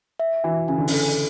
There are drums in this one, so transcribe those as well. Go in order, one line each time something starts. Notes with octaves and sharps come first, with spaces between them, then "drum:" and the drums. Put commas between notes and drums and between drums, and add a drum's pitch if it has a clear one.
E5
E3 F#4
C#3 G#5
D3
C#3 A4, drum: open hi-hat